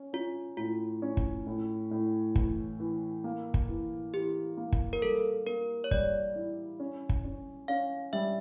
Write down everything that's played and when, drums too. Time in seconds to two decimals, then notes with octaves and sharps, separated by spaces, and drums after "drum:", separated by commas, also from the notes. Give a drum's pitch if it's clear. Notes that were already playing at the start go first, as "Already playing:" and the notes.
Already playing: C#4
0.13 C#4 F4
0.57 A2 F4
1.02 C#4
1.17 drum: kick
1.47 A2
1.91 A2
2.36 E3, drum: kick
2.80 E3
3.24 A#3
3.54 drum: kick
3.69 E3
4.14 E3 G4
4.57 A#3
4.72 drum: kick
4.93 A#4
5.02 G3 A4
5.46 A#3 A#4
5.84 C#5
5.91 G3 D5, drum: kick
6.36 E4
6.80 C#4
7.09 drum: kick
7.24 C#4
7.68 C#4 F5
8.13 G3 E5